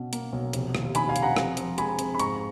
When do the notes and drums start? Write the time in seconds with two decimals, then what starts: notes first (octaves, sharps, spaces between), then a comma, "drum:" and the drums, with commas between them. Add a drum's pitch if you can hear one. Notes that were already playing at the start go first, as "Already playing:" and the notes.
Already playing: B2 C#4
0.13 A#3, drum: hi-hat
0.32 B1
0.53 F1, drum: hi-hat
0.75 D#2, drum: rim click
0.95 D#3 G#5 B5, drum: hi-hat
1.09 F5 G#5
1.16 F1, drum: hi-hat
1.22 F#5 A#5
1.36 F2, drum: rim click
1.57 F3, drum: hi-hat
1.78 G#3 G#5 B5, drum: hi-hat
1.99 F2, drum: hi-hat
2.14 B5
2.19 G#2 A#5 C#6, drum: hi-hat